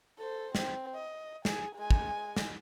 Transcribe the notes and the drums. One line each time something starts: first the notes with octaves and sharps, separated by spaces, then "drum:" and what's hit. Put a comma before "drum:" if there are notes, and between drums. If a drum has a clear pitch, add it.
A4 C5
C4, drum: snare
D#5
G#4 G#5, drum: snare
G#3 G#5
drum: kick
drum: snare